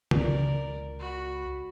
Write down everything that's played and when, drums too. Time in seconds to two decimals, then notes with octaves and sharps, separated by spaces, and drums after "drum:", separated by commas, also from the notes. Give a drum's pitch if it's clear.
0.11 C#2 A#4 D5, drum: tom C#3
0.99 F#4 B5